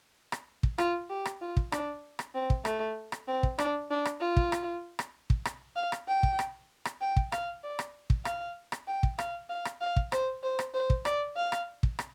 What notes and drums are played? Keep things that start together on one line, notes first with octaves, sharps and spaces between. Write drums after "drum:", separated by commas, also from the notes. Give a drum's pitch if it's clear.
drum: rim click
drum: kick
F4, drum: rim click
G4
drum: rim click
F4
drum: kick
D4, drum: rim click
drum: rim click
C4
drum: kick
A3, drum: rim click
drum: rim click
C4
drum: kick
D4, drum: rim click
D4
drum: rim click
F4
drum: kick
drum: rim click
drum: rim click
drum: kick
drum: rim click
F5
drum: rim click
G5
drum: kick
drum: rim click
drum: rim click
G5
drum: kick
F5, drum: rim click
D5
drum: rim click
drum: kick
F5, drum: rim click
drum: rim click
G5
drum: kick
F5, drum: rim click
F5
drum: rim click
F5
drum: kick
C5, drum: rim click
C5
drum: rim click
C5
drum: kick
D5, drum: rim click
F5
drum: rim click
drum: kick
drum: rim click